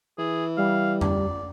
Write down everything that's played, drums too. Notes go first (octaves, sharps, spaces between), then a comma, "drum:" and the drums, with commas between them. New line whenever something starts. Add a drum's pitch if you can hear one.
E3 G#4
G3 F5
D5, drum: tom F2